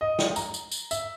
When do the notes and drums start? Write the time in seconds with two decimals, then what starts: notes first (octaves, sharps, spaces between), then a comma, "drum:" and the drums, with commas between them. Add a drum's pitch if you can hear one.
0.01 D#5
0.19 drum: snare
0.36 A#5, drum: tambourine
0.54 drum: tambourine
0.72 drum: tambourine
0.91 E5, drum: tambourine